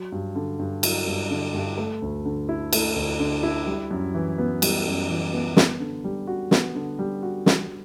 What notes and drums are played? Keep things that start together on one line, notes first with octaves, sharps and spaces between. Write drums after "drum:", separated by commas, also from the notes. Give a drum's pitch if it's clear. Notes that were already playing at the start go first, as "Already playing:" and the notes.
Already playing: F#3
G2
D3
G2
F#3, drum: cymbal
G2
D3
G2
A3
D2
D3
E4
A3, drum: cymbal
D2
D3
E4
G3
F#2
E3
B3
G3, drum: cymbal
F#2
E3
B3
B3, drum: snare
D3
G3
F#4
B3, drum: snare
D3
G3
F#4
drum: snare